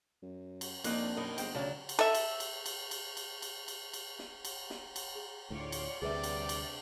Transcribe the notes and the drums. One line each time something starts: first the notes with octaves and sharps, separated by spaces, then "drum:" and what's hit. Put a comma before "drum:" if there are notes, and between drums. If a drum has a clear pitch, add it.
F#2
drum: cymbal
F2 A#3 D4 D#4 F#6, drum: cymbal
F#2 B2 D#4 A#4 D#5
G1 G#3 C5 G5, drum: cymbal
D2 C#3 F#3 D5 A5
drum: cymbal
A4 E5
drum: cymbal
drum: cymbal
drum: cymbal
drum: cymbal
drum: cymbal
drum: cymbal
drum: cymbal
drum: cymbal
drum: snare
drum: cymbal
drum: snare
drum: cymbal
G#4
D2 A2 F4 C#5 D5
drum: cymbal
D2 C3 G3 D4 G#4 B4 D5 E5
drum: cymbal
drum: cymbal